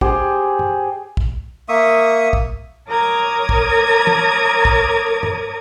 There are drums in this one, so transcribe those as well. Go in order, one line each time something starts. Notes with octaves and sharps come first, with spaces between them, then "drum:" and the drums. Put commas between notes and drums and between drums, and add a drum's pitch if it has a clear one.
G4 G#4 C5, drum: kick
drum: tom
drum: kick
A#3 E5 C#6 D#6
drum: kick
A#4 C#5 A#5 D6 D#6 G#6
drum: kick
drum: tom
drum: kick
drum: tom